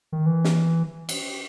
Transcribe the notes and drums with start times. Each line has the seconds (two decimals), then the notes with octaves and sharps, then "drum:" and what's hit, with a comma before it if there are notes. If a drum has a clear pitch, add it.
0.12 D#3
0.26 E3
0.44 drum: snare
1.09 drum: cymbal